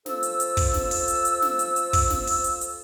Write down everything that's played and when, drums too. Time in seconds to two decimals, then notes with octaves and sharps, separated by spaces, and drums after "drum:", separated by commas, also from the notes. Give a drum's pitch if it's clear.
0.06 F3 A4 E6, drum: snare
0.23 drum: hi-hat
0.40 drum: hi-hat
0.57 drum: kick, open hi-hat
0.74 drum: snare
0.91 drum: open hi-hat
1.08 drum: hi-hat
1.25 drum: hi-hat
1.42 drum: snare
1.59 drum: hi-hat
1.76 drum: hi-hat
1.93 drum: kick, open hi-hat
2.10 drum: snare
2.27 drum: open hi-hat
2.44 drum: hi-hat
2.61 drum: hi-hat